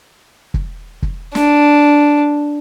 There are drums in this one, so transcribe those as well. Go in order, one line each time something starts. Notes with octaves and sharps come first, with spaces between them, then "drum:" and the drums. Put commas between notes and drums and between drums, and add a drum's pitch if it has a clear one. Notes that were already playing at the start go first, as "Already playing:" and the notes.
drum: kick
drum: kick
D4, drum: snare